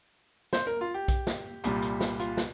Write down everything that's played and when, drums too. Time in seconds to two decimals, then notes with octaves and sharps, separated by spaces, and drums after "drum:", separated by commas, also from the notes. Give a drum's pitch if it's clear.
0.53 C5, drum: snare
0.67 A#4
0.81 F4
0.94 G4
1.08 drum: kick B1, hi-hat
1.27 drum: snare
1.64 C2 A#2 G3, drum: hi-hat
1.82 drum: hi-hat
2.01 drum: snare
2.19 F4, drum: hi-hat
2.37 drum: snare